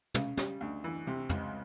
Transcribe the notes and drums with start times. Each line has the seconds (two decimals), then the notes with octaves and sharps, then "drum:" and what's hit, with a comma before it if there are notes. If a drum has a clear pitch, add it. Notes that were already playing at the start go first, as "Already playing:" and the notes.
0.14 C#3, drum: tom
0.37 G3, drum: snare
0.61 D2
0.84 E3
1.07 C3
1.29 C#2, drum: tom